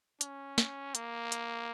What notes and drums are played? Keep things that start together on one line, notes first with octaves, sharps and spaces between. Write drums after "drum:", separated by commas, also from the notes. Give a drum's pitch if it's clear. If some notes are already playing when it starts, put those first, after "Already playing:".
C#4, drum: hi-hat
drum: snare
A#3, drum: hi-hat
drum: hi-hat